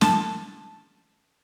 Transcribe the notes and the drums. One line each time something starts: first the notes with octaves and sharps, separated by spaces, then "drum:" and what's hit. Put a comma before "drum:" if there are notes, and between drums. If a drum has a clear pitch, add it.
A5, drum: snare